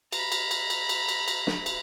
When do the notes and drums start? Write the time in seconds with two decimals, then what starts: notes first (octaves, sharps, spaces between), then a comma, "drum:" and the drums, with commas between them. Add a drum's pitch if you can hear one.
0.12 A#5 B5, drum: cymbal
0.32 drum: cymbal
0.51 drum: cymbal
0.70 drum: cymbal
0.89 drum: cymbal
1.08 drum: cymbal
1.28 drum: cymbal
1.47 drum: snare
1.66 drum: cymbal